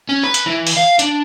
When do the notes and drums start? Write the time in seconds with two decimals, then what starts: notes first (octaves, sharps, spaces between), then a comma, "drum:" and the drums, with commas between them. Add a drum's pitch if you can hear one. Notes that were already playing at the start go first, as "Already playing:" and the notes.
0.09 C#4
0.23 B4
0.34 drum: hi-hat
0.46 E3
0.67 drum: open hi-hat
0.77 F5
0.99 D4, drum: hi-hat